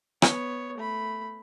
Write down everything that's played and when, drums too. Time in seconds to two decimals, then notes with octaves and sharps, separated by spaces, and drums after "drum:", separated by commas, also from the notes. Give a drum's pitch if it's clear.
0.22 B3 C#5, drum: rim click
0.77 A3 B5